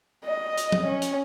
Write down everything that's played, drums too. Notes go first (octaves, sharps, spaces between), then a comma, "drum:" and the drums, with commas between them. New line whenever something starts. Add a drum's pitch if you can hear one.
D#5
drum: hi-hat
drum: tom F3
C#4
drum: hi-hat